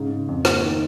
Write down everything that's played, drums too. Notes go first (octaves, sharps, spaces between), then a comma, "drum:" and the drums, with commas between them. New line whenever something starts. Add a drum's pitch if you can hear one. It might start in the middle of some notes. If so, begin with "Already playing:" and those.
Already playing: G#2 C#3
C#3
F2
A#3, drum: rim click
D#3